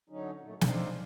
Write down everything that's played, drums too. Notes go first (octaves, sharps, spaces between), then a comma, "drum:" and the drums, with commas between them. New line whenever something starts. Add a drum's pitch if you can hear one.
D3 F#3 C#4 D#4
F#2 A#2 A3
C4 D4 D#4 D5 F5, drum: snare